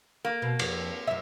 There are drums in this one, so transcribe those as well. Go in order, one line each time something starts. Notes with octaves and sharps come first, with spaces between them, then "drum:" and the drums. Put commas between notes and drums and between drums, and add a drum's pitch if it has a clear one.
A#3
B2
F2, drum: cymbal
F#2 E5